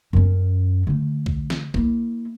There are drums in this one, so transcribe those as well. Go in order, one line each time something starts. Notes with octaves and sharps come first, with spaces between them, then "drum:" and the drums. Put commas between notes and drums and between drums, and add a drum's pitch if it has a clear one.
F#2 C#4
D3 A3
drum: kick B1
drum: snare
A#3 E4, drum: kick B1